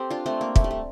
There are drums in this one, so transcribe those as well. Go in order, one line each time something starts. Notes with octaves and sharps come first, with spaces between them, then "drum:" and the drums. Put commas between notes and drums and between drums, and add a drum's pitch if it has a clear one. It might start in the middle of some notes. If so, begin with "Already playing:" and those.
Already playing: C4 G4 A4
D4 F4
A3 C4
A#3
A3, drum: kick
G3
A3